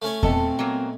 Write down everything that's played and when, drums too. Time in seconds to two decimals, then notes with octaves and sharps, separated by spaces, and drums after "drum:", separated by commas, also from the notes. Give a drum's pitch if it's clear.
0.02 A3 C#4 C#5
0.23 A#2 B3 C4 A4 D#5, drum: kick E2
0.59 F#3 A#3